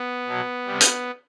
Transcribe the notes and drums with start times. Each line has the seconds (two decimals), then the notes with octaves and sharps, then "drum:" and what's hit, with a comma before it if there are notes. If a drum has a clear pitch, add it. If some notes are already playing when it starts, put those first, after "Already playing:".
Already playing: B3
0.27 B2 F#3
0.66 C3 G3
0.80 drum: hi-hat